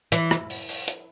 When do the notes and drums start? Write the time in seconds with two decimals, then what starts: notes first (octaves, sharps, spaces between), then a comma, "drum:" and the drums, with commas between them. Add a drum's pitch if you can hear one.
0.12 E3, drum: hi-hat
0.31 drum: rim click
0.50 drum: open hi-hat
0.69 drum: open hi-hat
0.88 drum: hi-hat